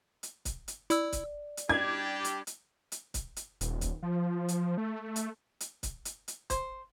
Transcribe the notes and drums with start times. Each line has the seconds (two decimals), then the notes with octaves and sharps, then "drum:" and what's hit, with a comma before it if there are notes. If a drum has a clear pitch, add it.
0.23 drum: hi-hat
0.45 drum: kick C#1, hi-hat
0.68 drum: hi-hat
0.90 E4 D5 E6, drum: hi-hat
1.12 drum: kick C#1, hi-hat
1.57 drum: hi-hat
1.69 G3 D4 G4 G#6
2.24 drum: hi-hat
2.47 drum: hi-hat
2.92 drum: hi-hat
3.14 drum: kick C#1, hi-hat
3.36 drum: hi-hat
3.61 D#1, drum: hi-hat
3.81 drum: kick C#1, hi-hat
4.03 F3
4.48 drum: hi-hat
4.78 A3
5.16 drum: hi-hat
5.60 drum: hi-hat
5.83 drum: kick C#1, hi-hat
6.05 drum: hi-hat
6.28 drum: hi-hat
6.50 C5, drum: kick C#1, hi-hat